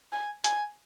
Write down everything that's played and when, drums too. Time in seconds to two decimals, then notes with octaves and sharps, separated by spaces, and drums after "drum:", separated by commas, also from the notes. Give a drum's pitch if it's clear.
0.12 G#5
0.44 G#5, drum: hi-hat